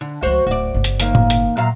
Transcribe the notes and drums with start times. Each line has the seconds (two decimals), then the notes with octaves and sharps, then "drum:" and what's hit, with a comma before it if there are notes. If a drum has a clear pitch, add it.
0.01 D3
0.22 C#2 F3 F#4 C5 C#5
0.47 D1 F#4 D5
0.74 G1 C#3
0.84 drum: hi-hat
1.00 D#2 A#3, drum: hi-hat
1.15 drum: tom A2
1.30 drum: hi-hat
1.57 A#2 F#3 F5